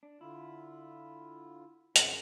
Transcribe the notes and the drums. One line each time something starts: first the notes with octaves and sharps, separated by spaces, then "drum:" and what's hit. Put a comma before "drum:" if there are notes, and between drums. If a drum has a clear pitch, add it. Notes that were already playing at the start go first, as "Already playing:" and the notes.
D4
D3 E4 F4
F#2 A2 D3 F3 G#3 C4, drum: hi-hat